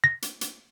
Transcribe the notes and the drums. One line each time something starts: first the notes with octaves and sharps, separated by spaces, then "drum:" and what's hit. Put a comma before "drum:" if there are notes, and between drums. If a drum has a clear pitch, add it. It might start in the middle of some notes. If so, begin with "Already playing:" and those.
A#6
drum: hi-hat
drum: hi-hat